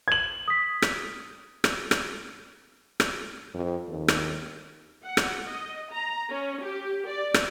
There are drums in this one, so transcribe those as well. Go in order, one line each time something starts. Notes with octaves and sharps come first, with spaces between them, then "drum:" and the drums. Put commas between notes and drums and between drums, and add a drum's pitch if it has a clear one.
G#6 F#7
D#6 B6
drum: rim click
drum: rim click
drum: rim click
drum: rim click
F2
D#2
drum: rim click
F#5
drum: rim click
D#5
A#5
C#4
G4
D5
drum: rim click